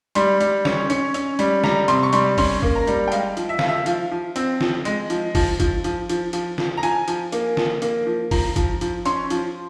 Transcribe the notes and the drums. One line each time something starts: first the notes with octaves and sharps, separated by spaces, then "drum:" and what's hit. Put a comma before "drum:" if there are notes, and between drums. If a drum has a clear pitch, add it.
G3 C6, drum: hi-hat
G3, drum: hi-hat
C#4, drum: snare
C#4, drum: hi-hat
C#4, drum: hi-hat
G3, drum: hi-hat
G3 A#5, drum: snare
C3 C6, drum: hi-hat
C#6
G3 C6, drum: hi-hat
C#4 C6, drum: kick, open hi-hat
A#3, drum: kick
A#5
G3, drum: hi-hat
G5
G#3 F5, drum: hi-hat
F3, drum: hi-hat
E5
F3 F5, drum: snare
E5
F3 F5, drum: hi-hat
F3
C4, drum: hi-hat
F3, drum: snare
G#3, drum: hi-hat
F3, drum: hi-hat
F3, drum: kick, open hi-hat
F3, drum: kick, hi-hat
F3, drum: hi-hat
F3, drum: hi-hat
F3, drum: hi-hat
F3, drum: snare
A#5
F3 G#5, drum: hi-hat
F3, drum: hi-hat
A#3, drum: hi-hat
F3, drum: snare
A#3, drum: hi-hat
F3
F3 A#5, drum: kick, open hi-hat
F3, drum: kick, hi-hat
F3, drum: hi-hat
C#4 C6, drum: hi-hat
F3, drum: hi-hat